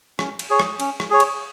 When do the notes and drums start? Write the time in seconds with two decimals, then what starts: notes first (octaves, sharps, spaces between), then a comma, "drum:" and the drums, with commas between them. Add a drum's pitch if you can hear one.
0.19 C#4, drum: rim click
0.39 drum: cymbal
0.50 G#4 C#5
0.60 drum: rim click
0.80 C#4, drum: cymbal
1.00 drum: rim click
1.10 G#4 C#5
1.20 drum: cymbal